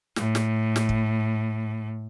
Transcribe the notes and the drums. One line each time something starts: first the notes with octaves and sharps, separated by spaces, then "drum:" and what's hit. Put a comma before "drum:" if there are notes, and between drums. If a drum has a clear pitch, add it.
A2, drum: snare
drum: snare
drum: snare
drum: kick